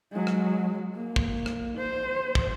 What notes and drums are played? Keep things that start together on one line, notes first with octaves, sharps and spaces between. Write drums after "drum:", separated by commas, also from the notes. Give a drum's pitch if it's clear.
F#3 G#3
drum: rim click
A#3
drum: kick
drum: rim click
C5
drum: kick